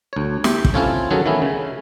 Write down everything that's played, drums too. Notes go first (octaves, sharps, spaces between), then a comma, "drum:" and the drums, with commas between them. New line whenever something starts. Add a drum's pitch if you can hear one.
D2 C#5
G4 E5, drum: snare
drum: kick
C4 C#4 E4 F4 A4 C#5
D#3 F#3 C#4 F#4 G#4 A4
D#3 E3 A3 B3 C#4 E4
C#3